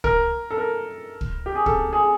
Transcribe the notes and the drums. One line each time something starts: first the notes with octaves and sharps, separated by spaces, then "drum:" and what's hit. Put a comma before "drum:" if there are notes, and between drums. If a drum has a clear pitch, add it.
A#4, drum: kick
A4
A#4
drum: kick
G4
G#4
A4, drum: kick
G#4